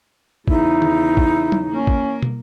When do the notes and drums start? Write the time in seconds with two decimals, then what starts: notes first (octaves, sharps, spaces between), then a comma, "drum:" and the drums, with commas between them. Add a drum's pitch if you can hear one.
0.48 E2 C#3 D#4 E4, drum: kick
0.82 drum: tom D#3
1.17 drum: kick
1.52 drum: tom F#3
1.70 A#3 C#4
1.87 drum: kick
2.23 drum: tom